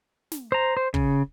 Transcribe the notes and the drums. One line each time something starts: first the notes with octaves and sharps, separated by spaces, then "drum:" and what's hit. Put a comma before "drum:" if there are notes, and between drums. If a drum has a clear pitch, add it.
drum: snare
C5 A#5
C5
C#3, drum: kick